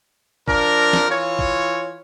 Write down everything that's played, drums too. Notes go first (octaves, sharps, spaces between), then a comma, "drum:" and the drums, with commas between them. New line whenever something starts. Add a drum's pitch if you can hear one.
F3 D4 A#4, drum: kick
drum: snare
E3 F4 C#5
drum: kick